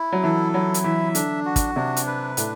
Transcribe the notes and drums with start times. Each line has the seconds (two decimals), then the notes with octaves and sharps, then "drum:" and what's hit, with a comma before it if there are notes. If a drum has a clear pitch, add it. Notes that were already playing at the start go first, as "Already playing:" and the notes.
Already playing: E4
0.12 F#3
0.24 E3 A4
0.54 F#3 E4
0.74 drum: hi-hat
0.84 E3 E5
1.15 D3 D4, drum: hi-hat
1.46 F#4
1.56 drum: kick, hi-hat
1.76 C3 D4
1.97 drum: hi-hat
2.07 B4
2.37 A2 D4, drum: hi-hat